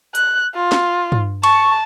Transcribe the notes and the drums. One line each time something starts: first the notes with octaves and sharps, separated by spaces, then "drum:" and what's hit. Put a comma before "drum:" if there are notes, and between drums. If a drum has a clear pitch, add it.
F#6, drum: hi-hat
F4
drum: snare
drum: tom G2
A5 C#6, drum: cymbal